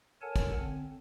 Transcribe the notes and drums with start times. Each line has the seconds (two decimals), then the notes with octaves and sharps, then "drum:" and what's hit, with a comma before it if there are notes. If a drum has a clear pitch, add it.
0.22 A4 A#4 C#5 F#5 G#5 A5
0.36 drum: kick, hi-hat
0.58 D3 C4